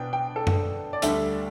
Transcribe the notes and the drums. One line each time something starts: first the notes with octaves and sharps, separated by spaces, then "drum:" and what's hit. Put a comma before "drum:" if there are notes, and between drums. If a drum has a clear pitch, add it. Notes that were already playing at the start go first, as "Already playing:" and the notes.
Already playing: B2 B3 D4 G5
G5
A4
drum: tom F#2
D5
D2 D3 G3 D4 E5, drum: hi-hat